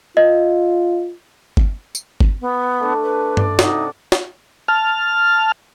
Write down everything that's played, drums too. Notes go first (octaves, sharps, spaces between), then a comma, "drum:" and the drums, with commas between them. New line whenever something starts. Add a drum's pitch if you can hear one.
F4 D#5
drum: kick G1
drum: tambourine
drum: kick G1
B3
A3 D4
B4
D5, drum: tom G2
C3 D#4 F#4, drum: snare
drum: snare
A5 F6